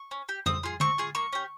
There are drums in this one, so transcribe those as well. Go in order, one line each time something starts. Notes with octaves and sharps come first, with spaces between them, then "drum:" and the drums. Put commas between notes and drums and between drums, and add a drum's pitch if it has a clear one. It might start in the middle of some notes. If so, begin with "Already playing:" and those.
Already playing: C#6
C#4
G4
C4 D#6, drum: tom F2
F4 G#4
C4 C#6, drum: tom D3
F4 G#4
A#3 C#6
C#4 G4